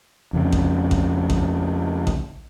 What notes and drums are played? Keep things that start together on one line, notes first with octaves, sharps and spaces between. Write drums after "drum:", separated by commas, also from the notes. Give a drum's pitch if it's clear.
F2 C#3
drum: kick A1
drum: kick A1
drum: kick A1
drum: kick A1